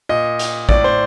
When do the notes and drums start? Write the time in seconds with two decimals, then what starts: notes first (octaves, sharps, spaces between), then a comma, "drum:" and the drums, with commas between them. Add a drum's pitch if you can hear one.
0.09 A#2 D#5
0.39 drum: hi-hat
0.69 A2 D5, drum: kick A1
0.84 C5